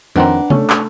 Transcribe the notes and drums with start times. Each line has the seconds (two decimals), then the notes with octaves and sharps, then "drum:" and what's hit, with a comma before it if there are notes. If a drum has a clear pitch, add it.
0.16 F2 D#3 C4 D4 B4 F#5 A#5
0.50 A3 C#4, drum: tom C3
0.70 drum: clap